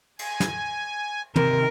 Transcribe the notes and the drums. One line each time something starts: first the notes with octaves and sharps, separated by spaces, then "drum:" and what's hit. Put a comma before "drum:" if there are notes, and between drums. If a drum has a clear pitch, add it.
G#5, drum: cymbal
drum: snare
C3 D#3 A#4, drum: tom